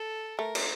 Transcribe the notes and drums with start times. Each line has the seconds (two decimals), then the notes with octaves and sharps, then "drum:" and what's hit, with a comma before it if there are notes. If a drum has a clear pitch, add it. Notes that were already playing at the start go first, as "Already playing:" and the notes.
Already playing: A4
0.39 A3 A#4
0.55 drum: cymbal